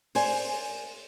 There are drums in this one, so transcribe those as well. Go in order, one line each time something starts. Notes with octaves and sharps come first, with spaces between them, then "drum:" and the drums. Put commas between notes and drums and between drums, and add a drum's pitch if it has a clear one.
C5 D5 G#5, drum: open hi-hat